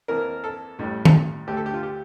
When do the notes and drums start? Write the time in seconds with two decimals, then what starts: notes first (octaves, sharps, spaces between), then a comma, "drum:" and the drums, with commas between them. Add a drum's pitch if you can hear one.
0.08 F2 E3 A#3 A#4
0.44 A4
0.79 A1 A2 G3
1.05 drum: tom D#3
1.47 D2 D3 A3 G4
1.57 A4
1.66 G4
1.73 F4
1.83 G4